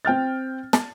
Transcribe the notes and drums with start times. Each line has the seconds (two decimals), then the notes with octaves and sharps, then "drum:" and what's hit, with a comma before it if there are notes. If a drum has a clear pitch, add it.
0.05 C4 G5 F6 A6
0.73 A5, drum: snare